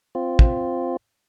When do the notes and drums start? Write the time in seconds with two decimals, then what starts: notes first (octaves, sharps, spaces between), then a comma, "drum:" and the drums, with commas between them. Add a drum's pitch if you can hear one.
0.15 C4 F4
0.39 drum: kick